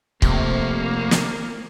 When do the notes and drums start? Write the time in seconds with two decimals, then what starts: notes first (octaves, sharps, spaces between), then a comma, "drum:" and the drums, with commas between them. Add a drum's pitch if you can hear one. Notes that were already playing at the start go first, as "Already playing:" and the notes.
0.22 C3 F3 A3 A#3, drum: kick
1.11 drum: snare